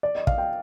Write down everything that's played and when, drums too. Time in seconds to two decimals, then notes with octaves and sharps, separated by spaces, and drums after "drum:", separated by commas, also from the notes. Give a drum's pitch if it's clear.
0.03 D5
0.15 D#5
0.27 F5, drum: kick
0.38 G5